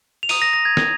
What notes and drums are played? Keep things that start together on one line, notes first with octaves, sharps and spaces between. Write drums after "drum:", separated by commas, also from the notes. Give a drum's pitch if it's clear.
F7
A#5 D#6 D#7, drum: open hi-hat
A#6
A#6
G#6
drum: snare